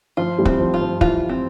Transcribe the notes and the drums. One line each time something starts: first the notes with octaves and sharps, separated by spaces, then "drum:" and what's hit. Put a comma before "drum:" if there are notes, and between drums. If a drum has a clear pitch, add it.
F3 F4
E3 G3
C4, drum: kick
F3
F4
F3
E3 F4, drum: kick
C4